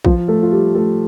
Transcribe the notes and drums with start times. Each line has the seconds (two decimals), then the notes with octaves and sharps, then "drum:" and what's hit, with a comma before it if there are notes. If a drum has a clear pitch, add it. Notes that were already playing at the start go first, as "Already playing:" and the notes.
0.05 F3 F4, drum: kick A#1
0.28 A3 A4
0.42 F4
0.52 G3 G4
0.75 A3 A4